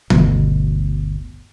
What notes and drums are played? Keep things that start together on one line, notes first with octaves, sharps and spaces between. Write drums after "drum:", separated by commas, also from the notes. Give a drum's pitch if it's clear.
G1 D2 B2, drum: tom D#3